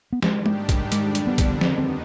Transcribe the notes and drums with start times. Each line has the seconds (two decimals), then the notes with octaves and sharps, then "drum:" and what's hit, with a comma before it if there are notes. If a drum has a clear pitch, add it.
0.13 B3
0.22 G#2 D#3 G3 G#3 D4 G4, drum: snare
0.46 drum: tom
0.69 drum: kick, hi-hat
0.92 F2 D3 G3 G#3 D4, drum: hi-hat
1.15 drum: hi-hat
1.27 B3
1.38 drum: kick, hi-hat
1.61 D#2 D#3 B3 C4 D#4, drum: snare
1.78 C4